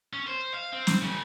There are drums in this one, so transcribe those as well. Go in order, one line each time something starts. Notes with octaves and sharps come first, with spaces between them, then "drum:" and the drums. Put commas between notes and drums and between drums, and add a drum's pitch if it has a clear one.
C#4
C5
F5
C4
drum: snare
F#2 C#3